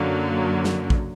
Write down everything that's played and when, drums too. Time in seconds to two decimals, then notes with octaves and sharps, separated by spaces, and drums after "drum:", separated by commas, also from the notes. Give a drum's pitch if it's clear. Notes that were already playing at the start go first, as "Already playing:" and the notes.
Already playing: F#2 D3 F#3 A#3
0.64 drum: snare
0.90 drum: kick